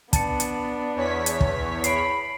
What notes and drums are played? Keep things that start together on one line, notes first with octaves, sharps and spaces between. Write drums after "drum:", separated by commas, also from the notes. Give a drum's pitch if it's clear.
B3 D4 A5 A6 C#7, drum: kick, hi-hat
drum: hi-hat
E2 C#5 B6
drum: hi-hat
drum: kick
B5 C7 D7, drum: hi-hat